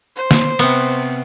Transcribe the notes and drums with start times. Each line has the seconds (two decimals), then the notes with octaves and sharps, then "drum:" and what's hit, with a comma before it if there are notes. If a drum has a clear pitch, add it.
0.16 C5
0.31 drum: snare
0.59 C3 B3, drum: cymbal